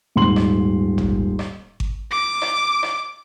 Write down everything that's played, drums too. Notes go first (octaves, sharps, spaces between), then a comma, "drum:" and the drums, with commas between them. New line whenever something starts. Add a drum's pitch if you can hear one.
D#1 G#2 C6 F#7
drum: rim click
drum: tom
drum: rim click
drum: kick G#1
D6
drum: rim click
drum: rim click